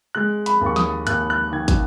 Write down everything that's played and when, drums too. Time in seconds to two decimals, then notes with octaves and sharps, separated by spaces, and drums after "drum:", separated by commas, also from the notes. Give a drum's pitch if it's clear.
0.15 G#3 F#6
0.46 B5, drum: hi-hat
0.61 D#2
0.66 C#6
0.76 D#6, drum: snare
1.07 D#2 F#6, drum: hi-hat
1.30 F#6
1.52 D#3 G#6
1.68 drum: kick, hi-hat